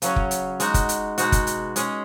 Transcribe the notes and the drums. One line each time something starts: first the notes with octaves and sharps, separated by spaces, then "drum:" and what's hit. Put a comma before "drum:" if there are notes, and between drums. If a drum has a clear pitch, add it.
C#3 F#3 C#4, drum: hi-hat
drum: kick
drum: hi-hat
G#3 D#4 F#4, drum: hi-hat
drum: kick, hi-hat
drum: hi-hat
B2 G#3 D#4 F#4, drum: hi-hat
drum: kick, hi-hat
drum: hi-hat
G#3 C#4 G#4, drum: hi-hat